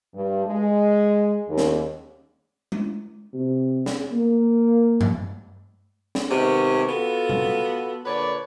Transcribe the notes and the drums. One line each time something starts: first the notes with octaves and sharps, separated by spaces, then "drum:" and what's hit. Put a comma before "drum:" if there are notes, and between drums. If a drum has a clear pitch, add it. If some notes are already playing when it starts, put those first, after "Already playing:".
G2
G#3
D#2
drum: snare
drum: tom G#3
C3
drum: snare
A#3
drum: tom G2
drum: snare
C3 D#3 G#3 B3 C#4
B3 F4 F#4 A4
drum: tom B2
A#2 D3 B4 C#5 D5 A5